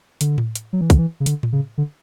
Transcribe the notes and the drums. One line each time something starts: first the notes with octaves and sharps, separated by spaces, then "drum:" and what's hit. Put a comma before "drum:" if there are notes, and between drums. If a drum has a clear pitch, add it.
D3, drum: hi-hat
drum: tom A2
drum: hi-hat
F#3
E3
D3, drum: kick, hi-hat
E3
C#3
D3, drum: hi-hat
drum: tom A2
C#3
D3